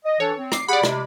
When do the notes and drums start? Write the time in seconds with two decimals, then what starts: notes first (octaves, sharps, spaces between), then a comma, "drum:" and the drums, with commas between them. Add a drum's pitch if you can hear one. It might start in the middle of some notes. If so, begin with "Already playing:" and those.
0.06 D#5
0.20 E3 D4 A4 C#5
0.39 C4
0.52 D6 C7, drum: rim click
0.68 G4 G#4 D5 F#5 B5
0.83 C3 G#3, drum: rim click